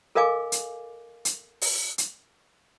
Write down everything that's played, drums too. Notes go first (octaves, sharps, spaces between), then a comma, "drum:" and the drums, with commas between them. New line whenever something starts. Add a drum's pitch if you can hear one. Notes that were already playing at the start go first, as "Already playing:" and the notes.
A4 A#4 D#5 F5 G#5 D6
drum: hi-hat
drum: hi-hat
drum: open hi-hat
drum: hi-hat